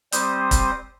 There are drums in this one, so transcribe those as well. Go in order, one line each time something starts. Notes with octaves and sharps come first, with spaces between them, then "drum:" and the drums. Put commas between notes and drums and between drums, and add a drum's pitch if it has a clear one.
G3 C4 C5 D#6, drum: hi-hat
drum: kick, hi-hat